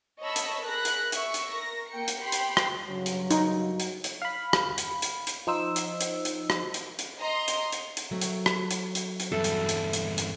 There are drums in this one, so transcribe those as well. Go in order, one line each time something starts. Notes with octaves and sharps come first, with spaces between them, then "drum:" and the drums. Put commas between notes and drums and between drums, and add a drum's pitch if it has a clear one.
C#5 D#5 A5 B5 C#6 E6
drum: hi-hat
G#4 A#4 B5 F#6 A#6
drum: hi-hat
E5 C#6, drum: hi-hat
drum: hi-hat
A#4 A#6
A#3 G5 C#7
drum: hi-hat
G4 G5 B5 C6
drum: hi-hat
drum: rim click
G2 C#3 F#3
drum: hi-hat
D#4, drum: hi-hat
drum: hi-hat
drum: hi-hat
F5 B5
drum: rim click
drum: hi-hat
drum: hi-hat
drum: hi-hat
F3 D#4 C5 E6
drum: hi-hat
drum: hi-hat
drum: hi-hat
drum: rim click
drum: hi-hat
drum: hi-hat
D#5 A#5 C6
drum: hi-hat
drum: hi-hat
drum: hi-hat
F#3 A3 C4
drum: hi-hat
drum: rim click
drum: hi-hat
drum: hi-hat
drum: hi-hat
E2 G2 A4 E5
drum: hi-hat
drum: hi-hat
drum: hi-hat
drum: hi-hat